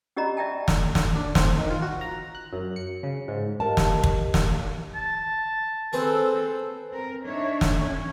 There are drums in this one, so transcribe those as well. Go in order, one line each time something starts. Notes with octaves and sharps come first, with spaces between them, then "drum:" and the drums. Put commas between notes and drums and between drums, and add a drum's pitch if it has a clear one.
C#4 G4 D5 D#5 A#5 B5
D5 E5 G5 A5
drum: snare
drum: snare
D4
C4, drum: snare
D#3
F4
F#4
A#5
F#6
F#2
C#7
C#3
G#2
G4 A#4 D#5 F5 A5
drum: snare
drum: kick
drum: snare
A5
C4 G#4 A4 B4 C5
C4 A#4
D4 D#4 C#5 E5
drum: snare
C#4